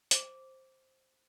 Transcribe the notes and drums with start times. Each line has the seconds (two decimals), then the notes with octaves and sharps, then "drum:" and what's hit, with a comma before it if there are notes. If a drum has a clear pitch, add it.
0.11 C5 D6, drum: hi-hat